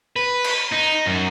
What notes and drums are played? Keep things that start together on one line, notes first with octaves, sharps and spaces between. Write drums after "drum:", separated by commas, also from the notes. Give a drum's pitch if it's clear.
B4
drum: cymbal
D#4
F#2